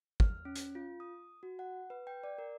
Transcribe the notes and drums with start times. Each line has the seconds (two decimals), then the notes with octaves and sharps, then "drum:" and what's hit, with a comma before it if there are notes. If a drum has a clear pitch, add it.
0.20 F6, drum: kick
0.45 C#4
0.56 drum: hi-hat
0.75 F4
1.00 D#6
1.43 F#4
1.59 F#5
1.90 B4
2.07 G5
2.24 D5
2.38 A#4